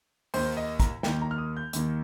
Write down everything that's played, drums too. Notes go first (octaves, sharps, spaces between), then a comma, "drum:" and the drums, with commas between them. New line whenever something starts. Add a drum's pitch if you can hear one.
D#2 D#3 A#3 C5, drum: open hi-hat
D#5
A#5, drum: kick, hi-hat
D#2 D#3 A#3 G5, drum: snare
A#5
F6
D#6
G6
D#2 D#3 A#3, drum: hi-hat